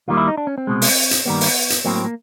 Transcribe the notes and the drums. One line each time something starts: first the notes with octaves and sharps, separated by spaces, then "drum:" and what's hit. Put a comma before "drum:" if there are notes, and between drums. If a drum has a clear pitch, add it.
D#2 D#3 G3 A#3 F4
E4
D#4
D4
C#4
C4
C2 B2 G#3
drum: open hi-hat
drum: hi-hat
G2 D#3 G3 A#3 B3
drum: open hi-hat
drum: hi-hat
A2 F#3 A#3 C4
C4
A#3